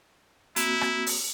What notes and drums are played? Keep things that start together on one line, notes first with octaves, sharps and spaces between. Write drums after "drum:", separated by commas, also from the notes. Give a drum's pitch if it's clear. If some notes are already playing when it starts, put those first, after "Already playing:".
A#3 C4 E4 F#4, drum: hi-hat
drum: rim click
drum: open hi-hat